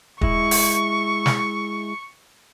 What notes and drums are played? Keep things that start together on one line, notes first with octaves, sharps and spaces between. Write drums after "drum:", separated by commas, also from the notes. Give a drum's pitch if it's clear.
G#3 E4 C#6, drum: kick
drum: open hi-hat
drum: snare